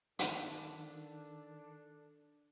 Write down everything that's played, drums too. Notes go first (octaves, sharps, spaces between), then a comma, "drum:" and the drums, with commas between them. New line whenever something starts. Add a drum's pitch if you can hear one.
D#3 D4 A4, drum: hi-hat